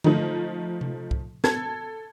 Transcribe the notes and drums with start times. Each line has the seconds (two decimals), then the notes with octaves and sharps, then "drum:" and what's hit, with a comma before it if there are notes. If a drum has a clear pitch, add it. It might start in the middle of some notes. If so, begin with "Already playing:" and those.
0.04 F3 A3 D#4, drum: tom D3
0.81 drum: tom C3
1.11 drum: kick
1.44 A4 G#6, drum: snare